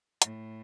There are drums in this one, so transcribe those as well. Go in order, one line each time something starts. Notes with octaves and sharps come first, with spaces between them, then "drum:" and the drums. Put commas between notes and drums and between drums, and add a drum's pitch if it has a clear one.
A2, drum: hi-hat